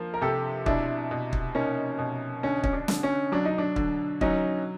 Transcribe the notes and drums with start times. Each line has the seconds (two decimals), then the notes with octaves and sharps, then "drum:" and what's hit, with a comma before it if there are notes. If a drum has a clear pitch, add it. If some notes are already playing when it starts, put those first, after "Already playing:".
Already playing: F3 A#3
0.14 A#4
0.21 C3 G4 A4
0.66 B2 D4 E4, drum: kick
1.11 B2
1.33 drum: kick
1.55 A#3 C#4 D#4
1.99 B2
2.43 D3 C#4
2.64 C#4, drum: kick
2.73 D4
2.88 D3, drum: snare
3.03 C#4
3.32 F#3 D4
3.45 D#4
3.58 D4
3.76 D3, drum: kick
4.21 F#3 C#4 D#4, drum: kick